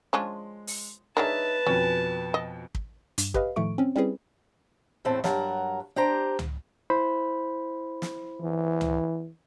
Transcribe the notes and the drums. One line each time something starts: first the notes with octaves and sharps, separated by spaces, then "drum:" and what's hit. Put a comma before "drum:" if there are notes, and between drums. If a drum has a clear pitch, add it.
F3 G#3 C#4 D4
drum: open hi-hat
G#3 D4 D#4 A#4 B4 C#5 E5 A5
F2 B2 C#4 G#5
D#5
drum: kick
G2, drum: hi-hat
G4 B4 D#5 F5, drum: kick
A2 D#3 F3 A3 C#6 D7
C4 C#4
G3 C4 C#4 E4 G#4 B4
E2 A2 A3 C4 A5
G2 F#3 A#4 F#5 A5, drum: snare
D4 G4 C5 A#5
drum: tom C#2
E4 C5 B5
drum: snare
E3
drum: tom C#2